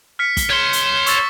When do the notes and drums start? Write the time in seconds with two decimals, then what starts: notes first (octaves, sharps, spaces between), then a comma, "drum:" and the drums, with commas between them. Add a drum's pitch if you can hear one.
0.19 F6 B6 C#7
0.37 G7, drum: kick, hi-hat
0.51 C#5 C6
0.73 drum: hi-hat
1.06 C#6 E6 A6, drum: hi-hat